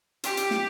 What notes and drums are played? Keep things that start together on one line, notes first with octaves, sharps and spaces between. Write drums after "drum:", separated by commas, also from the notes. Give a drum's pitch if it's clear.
G4, drum: hi-hat
drum: hi-hat
drum: snare